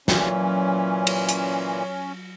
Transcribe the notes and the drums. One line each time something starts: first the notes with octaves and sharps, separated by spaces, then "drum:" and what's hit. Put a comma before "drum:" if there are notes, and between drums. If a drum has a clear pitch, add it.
A#2 E3 F#3 C#4 F4, drum: snare
drum: cymbal
drum: hi-hat